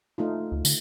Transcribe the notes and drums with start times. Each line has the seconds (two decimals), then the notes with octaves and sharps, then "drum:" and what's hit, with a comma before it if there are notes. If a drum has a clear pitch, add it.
0.18 A3 D#4 F4
0.52 D2
0.65 D3, drum: tambourine